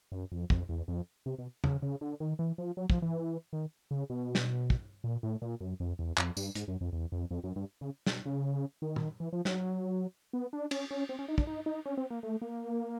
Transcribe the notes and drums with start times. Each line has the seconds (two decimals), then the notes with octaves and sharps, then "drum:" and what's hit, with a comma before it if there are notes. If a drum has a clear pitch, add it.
0.12 F#2
0.32 F2
0.50 F2, drum: kick
0.69 E2
0.88 F2
1.26 C3
1.39 B2
1.64 C#3, drum: tom
1.82 C#3
2.01 D3
2.20 D#3
2.39 E3
2.58 F3
2.77 F#3
2.90 F3, drum: kick
3.02 E3
3.53 D#3
3.91 C#3
4.10 B2
4.35 drum: snare
4.70 drum: kick
5.04 A#2
5.23 A2
5.42 A#2
5.61 F#2
5.80 F2
5.99 E2
6.18 F2, drum: clap
6.37 G2, drum: tambourine
6.55 G#2, drum: hi-hat
6.68 F#2
6.81 F2
6.93 E2
7.12 F2
7.31 F2
7.44 F#2
7.56 G2
7.81 C#3
8.07 B2, drum: snare
8.26 C#3
8.82 D#3
8.96 drum: tom
9.20 E3
9.33 F3
9.45 F#3, drum: snare
10.33 B3
10.53 D4
10.71 C#4, drum: cymbal
10.91 C#4
11.09 C4
11.19 C#4
11.28 D#4
11.38 D4, drum: kick
11.47 D#4
11.66 D#4
11.85 C#4
11.97 C4
12.10 A#3
12.23 A3
12.42 A#3